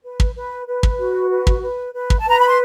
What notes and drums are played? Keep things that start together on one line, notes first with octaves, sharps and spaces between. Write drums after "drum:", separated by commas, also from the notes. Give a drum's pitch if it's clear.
B4
drum: kick
B4
B4
drum: kick
F#4
B4
drum: kick
B4
B4
drum: kick
A5
B4 A#5
B5
C6